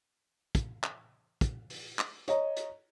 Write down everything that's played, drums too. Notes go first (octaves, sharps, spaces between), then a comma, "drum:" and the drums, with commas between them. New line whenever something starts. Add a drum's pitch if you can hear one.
drum: kick, hi-hat
drum: clap
drum: kick, hi-hat
drum: open hi-hat
drum: clap
C#5 D#5 A#5, drum: hi-hat
drum: hi-hat